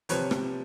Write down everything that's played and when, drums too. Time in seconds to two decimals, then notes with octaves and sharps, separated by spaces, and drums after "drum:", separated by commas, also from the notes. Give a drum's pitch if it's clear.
0.09 C3 F3 B4 C#5, drum: hi-hat
0.31 drum: rim click